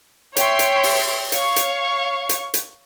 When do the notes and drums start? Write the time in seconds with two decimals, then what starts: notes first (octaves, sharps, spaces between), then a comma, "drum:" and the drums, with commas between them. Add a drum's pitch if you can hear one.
0.36 C#5 E5 G5 C6, drum: hi-hat
0.59 drum: hi-hat
0.83 drum: open hi-hat
1.32 C#5 F5 C#6, drum: hi-hat
1.56 drum: hi-hat
2.29 drum: hi-hat
2.54 drum: hi-hat